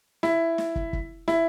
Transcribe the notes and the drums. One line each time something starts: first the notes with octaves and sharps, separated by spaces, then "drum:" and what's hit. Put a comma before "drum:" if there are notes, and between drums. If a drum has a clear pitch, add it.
E4, drum: snare
drum: snare
drum: kick
drum: kick
E4, drum: snare